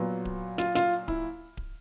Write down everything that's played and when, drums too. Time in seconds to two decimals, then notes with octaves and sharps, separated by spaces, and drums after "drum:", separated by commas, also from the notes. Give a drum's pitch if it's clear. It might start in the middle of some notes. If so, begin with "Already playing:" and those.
Already playing: A#2 F#3 B3
0.25 drum: kick D1
0.58 F4, drum: snare
0.75 F4, drum: snare
1.08 E4, drum: kick D1
1.57 drum: kick D1